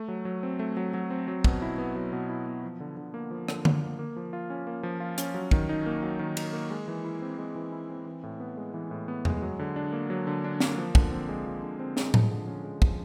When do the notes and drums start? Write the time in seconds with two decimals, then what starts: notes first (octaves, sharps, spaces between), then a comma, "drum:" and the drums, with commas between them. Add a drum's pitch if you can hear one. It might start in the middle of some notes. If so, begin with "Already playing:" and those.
Already playing: A3
0.08 F#3
0.25 F#3
0.43 C4
0.59 A3
0.77 F#3
0.94 F#3
1.10 C4
1.28 F#3
1.44 B2, drum: kick
1.62 E4
1.78 B3
1.95 F#3
2.13 B2
2.29 E4
2.46 B3
2.63 F3
2.80 D3
2.97 D3
3.14 A#3
3.31 F3
3.48 D3, drum: rim click
3.65 D3, drum: tom D3
3.82 A#3
3.99 A#3
4.16 F3
4.33 F4
4.50 C#4
4.67 A#3
4.83 F3
5.00 F4
5.18 C#4, drum: hi-hat
5.34 F#3
5.51 D#3, drum: kick
5.69 D#4
5.86 A#3
6.03 F#3
6.19 D#3
6.37 D#4, drum: cymbal
6.53 A#3
6.71 G#3
6.88 E3
7.04 E4
7.22 C4
7.38 G#3
7.55 E3
7.72 E4
7.90 C4
8.06 E3
8.23 A2
8.40 B3
8.57 G#3
8.74 E3
8.91 A2
9.08 B3
9.25 G#3, drum: tom E2
9.42 F#3
9.59 D3
9.76 D4
9.93 A#3
10.10 F#3
10.27 D3
10.44 D4
10.60 A#3, drum: snare
10.78 F3
10.95 D3, drum: kick
11.12 C4
11.29 G#3
11.46 F3
11.62 D3
11.80 C4
11.97 G#3, drum: snare
12.14 F3, drum: tom A2
12.31 D3
12.47 C#4
12.64 G#3
12.82 F3, drum: kick